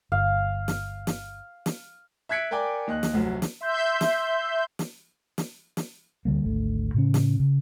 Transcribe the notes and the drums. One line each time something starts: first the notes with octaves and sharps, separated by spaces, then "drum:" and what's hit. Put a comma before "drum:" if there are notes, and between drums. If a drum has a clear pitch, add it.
G1 F5
drum: snare
drum: snare
drum: snare
E5 F#6 G#6 B6 C#7 D7
A#4 D5 G5 G#5 D6
D#2 D#5 F#6
drum: snare
F1 D2 F#3
drum: snare
E5 C6 G6
drum: snare
drum: snare
drum: snare
drum: snare
D2 D3 G3 A#3
G#1 D2 A3
A2 C#3 C#4
drum: snare
C#3